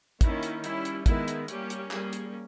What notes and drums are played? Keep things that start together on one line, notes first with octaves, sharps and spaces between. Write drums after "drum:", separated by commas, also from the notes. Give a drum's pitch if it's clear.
D#3 A#3 C#4 E4, drum: kick, hi-hat
drum: hi-hat
G3 C#4 E4, drum: hi-hat
drum: hi-hat
D#3 G#3 B3 E4, drum: kick, hi-hat
drum: hi-hat
G3 A#3 C#4 G4, drum: hi-hat
drum: hi-hat
G3 A#3 C#4 G#4, drum: clap
drum: hi-hat